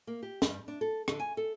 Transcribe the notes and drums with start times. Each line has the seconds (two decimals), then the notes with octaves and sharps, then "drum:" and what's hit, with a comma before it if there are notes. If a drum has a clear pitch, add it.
0.07 A#3
0.23 G4
0.42 G2, drum: snare
0.68 D4
0.81 A4
1.08 D3, drum: rim click
1.20 G#5
1.37 A4